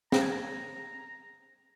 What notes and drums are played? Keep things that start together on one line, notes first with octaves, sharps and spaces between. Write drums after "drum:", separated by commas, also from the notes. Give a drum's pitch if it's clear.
A#5, drum: snare
G#5
A#5